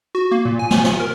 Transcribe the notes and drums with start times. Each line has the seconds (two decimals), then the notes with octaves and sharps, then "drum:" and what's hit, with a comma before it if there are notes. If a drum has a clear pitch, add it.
0.15 F#4
0.31 A#3
0.45 A#2
0.59 G#5
0.71 drum: snare
0.84 drum: snare
1.00 A#4